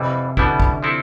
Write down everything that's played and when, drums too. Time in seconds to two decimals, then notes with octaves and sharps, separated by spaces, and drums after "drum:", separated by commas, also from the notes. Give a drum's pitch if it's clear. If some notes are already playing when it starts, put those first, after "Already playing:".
Already playing: F2 C3 E3 G3
0.37 B2 D3 G3 B3 E4, drum: kick
0.60 drum: kick
0.83 F3 C4 E4 A4